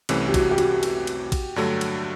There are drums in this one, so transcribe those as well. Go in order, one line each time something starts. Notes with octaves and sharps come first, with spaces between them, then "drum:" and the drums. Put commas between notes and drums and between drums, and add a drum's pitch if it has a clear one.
C2 C3 E3 A3 C#4, drum: cymbal
G4
F#4, drum: kick A1, cymbal
G4
F#4, drum: cymbal
drum: cymbal
drum: cymbal
drum: kick A1, cymbal
G2 D3 F#3 A3
drum: cymbal